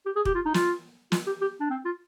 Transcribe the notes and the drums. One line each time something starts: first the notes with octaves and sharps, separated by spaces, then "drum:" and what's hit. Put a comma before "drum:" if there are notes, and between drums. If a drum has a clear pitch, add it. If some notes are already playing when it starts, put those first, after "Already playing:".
G4
G#4
G4, drum: kick
F4
D#4
F4, drum: snare
F4, drum: snare
G4
G4
D4
C4
F4